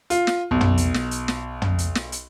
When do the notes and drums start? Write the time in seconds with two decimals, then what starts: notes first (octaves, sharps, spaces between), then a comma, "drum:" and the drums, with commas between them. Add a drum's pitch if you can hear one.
0.10 F4, drum: hi-hat
0.27 drum: snare
0.51 B1
0.61 drum: tom
0.78 drum: hi-hat
0.94 drum: snare
1.11 drum: hi-hat
1.28 drum: snare
1.62 drum: tom
1.79 drum: hi-hat
1.95 drum: snare
2.12 drum: hi-hat